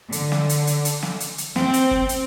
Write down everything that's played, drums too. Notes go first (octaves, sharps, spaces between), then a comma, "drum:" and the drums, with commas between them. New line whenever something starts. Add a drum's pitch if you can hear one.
D3, drum: hi-hat
drum: snare
drum: hi-hat
drum: hi-hat
drum: hi-hat
drum: snare
drum: hi-hat
drum: hi-hat
C4, drum: snare
drum: hi-hat
drum: kick
drum: hi-hat